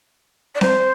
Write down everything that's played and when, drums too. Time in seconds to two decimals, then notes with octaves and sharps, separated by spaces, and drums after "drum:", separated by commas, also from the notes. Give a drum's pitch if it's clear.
0.54 D5
0.61 C5, drum: snare C4